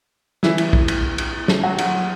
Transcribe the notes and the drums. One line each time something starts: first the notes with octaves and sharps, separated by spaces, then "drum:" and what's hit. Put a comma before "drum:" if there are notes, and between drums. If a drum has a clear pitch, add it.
E3 E4, drum: snare
drum: cymbal
drum: kick
drum: cymbal
drum: cymbal
drum: snare
F#3 F#4
drum: cymbal